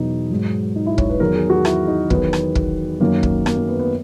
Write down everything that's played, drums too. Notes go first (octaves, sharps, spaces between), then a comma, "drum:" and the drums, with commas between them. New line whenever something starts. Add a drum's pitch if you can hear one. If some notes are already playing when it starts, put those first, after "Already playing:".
Already playing: E2 B2 F#3 D#4
G#2 F#3
D#4
E4
C#5, drum: kick
B4
E2 D#3 F#3 A#4
G#4
F#4
E4, drum: rim click
D#4
E2 D#3 F#3 B3, drum: kick
drum: rim click
drum: kick
F#2 D#3 F#3 A#3
drum: kick
A#3, drum: rim click
A#3
B3
B3